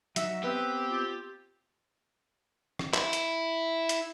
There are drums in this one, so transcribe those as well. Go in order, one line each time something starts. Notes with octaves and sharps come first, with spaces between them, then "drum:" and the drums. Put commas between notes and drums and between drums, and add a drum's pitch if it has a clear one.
F#3 D#4 F#4 E5, drum: hi-hat
B3 C4 G4 B4
F4
drum: rim click
E4, drum: clap
drum: hi-hat
drum: hi-hat